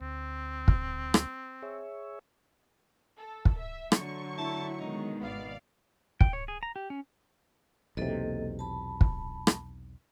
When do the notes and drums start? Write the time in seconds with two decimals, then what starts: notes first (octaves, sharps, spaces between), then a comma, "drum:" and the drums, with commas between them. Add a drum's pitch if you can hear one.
0.01 D2 C4
0.68 drum: kick
1.14 drum: rim click
1.62 G#4 C#5 E5
3.18 A4
3.45 drum: kick
3.58 E5
3.92 D3 F#3 A3 C#6, drum: rim click
4.38 E4 A5
4.80 B2 D#3 G#3 D#4
5.20 G#1 B3 D5 F5
6.21 G5, drum: kick
6.33 C#5
6.48 G#4
6.63 A#5
6.76 G4
6.90 C#4
7.97 B1 E2 C3 A#3 A4 D#5
8.59 A5 B5
9.01 drum: kick
9.47 drum: rim click